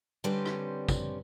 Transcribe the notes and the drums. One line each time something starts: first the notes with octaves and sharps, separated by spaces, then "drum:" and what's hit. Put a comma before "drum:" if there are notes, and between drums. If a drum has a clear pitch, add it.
D3 G3 C4 C#4 B4 C5
drum: rim click
drum: kick, tambourine